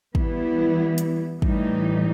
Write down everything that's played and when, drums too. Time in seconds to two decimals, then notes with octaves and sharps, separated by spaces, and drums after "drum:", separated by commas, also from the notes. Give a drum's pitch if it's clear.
0.15 E3 G3 B3 E4, drum: kick
0.98 drum: hi-hat
1.42 A2 E3 G3 D#4, drum: kick